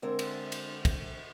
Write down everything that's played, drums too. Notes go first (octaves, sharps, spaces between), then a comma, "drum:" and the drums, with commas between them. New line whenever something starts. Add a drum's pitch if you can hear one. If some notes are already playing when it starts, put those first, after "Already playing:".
D3 G#3 C4 A#4 E5
drum: cymbal
drum: cymbal
drum: kick, cymbal